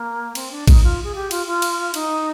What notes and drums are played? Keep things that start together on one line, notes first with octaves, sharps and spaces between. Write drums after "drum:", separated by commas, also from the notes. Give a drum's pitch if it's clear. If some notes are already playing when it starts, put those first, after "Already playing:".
Already playing: A#3
C4, drum: cymbal
D4
D#4, drum: kick A1, cymbal
F4
G#4
G4
F4, drum: cymbal
F4
drum: cymbal
D#4, drum: cymbal